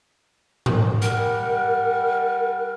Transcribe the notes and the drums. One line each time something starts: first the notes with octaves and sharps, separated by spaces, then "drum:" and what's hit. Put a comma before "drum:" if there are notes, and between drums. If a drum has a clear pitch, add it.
drum: tom G#2
G3 A#4 F#5, drum: hi-hat